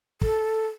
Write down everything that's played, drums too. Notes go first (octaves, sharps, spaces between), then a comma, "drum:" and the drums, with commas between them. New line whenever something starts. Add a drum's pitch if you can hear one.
A4, drum: kick